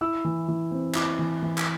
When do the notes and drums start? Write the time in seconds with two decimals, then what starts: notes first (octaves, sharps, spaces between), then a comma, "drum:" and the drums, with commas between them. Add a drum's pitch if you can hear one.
0.01 E4 E6
0.25 E3
0.48 E3
0.71 C4
0.95 E4 D6, drum: clap
1.19 E3
1.43 E3
1.58 drum: clap